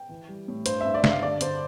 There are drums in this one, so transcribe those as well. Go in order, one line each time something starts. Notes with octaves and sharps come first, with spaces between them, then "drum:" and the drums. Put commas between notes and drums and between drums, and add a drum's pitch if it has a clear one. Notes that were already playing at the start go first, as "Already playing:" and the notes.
Already playing: G5
E3
G3
A2
G2 C5, drum: hi-hat
G2 E5
D5
G2, drum: snare
F5
D3 D5
D3 C5, drum: hi-hat